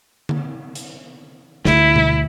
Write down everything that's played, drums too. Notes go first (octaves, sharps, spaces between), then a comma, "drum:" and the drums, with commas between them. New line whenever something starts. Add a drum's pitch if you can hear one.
drum: tom D3
drum: hi-hat
D2 E4, drum: snare
drum: tom B2